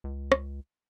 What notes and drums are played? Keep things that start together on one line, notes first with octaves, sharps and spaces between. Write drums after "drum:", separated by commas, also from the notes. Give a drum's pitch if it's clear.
C#2
drum: rim click